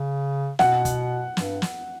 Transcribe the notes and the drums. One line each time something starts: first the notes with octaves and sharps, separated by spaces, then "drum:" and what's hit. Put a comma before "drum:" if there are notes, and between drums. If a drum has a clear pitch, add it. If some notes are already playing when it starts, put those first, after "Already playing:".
Already playing: C#3
B2 F#5, drum: snare
drum: kick, hi-hat
G2, drum: snare
drum: snare